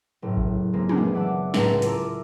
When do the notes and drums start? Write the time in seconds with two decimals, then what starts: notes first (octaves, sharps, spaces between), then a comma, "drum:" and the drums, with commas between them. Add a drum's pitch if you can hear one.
0.22 F#1 A2
0.37 drum: kick A1
0.73 A#2 C#3 G#3 A#3 C4
0.89 B3 D4 G#4, drum: tom
1.14 D5 E5 F#5 A5 D6
1.54 C#2 A2 A3 A#5, drum: snare
1.82 F4 A#4 E5 A5 A#5 D6, drum: hi-hat